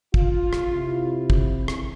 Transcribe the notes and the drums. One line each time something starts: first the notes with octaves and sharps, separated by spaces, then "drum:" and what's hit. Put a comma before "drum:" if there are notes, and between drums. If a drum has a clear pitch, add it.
F4, drum: kick
drum: rim click
C3 E4
drum: kick
drum: rim click